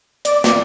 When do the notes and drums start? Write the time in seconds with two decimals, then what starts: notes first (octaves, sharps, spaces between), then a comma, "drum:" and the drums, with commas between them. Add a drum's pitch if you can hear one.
0.25 D5, drum: hi-hat
0.44 drum: snare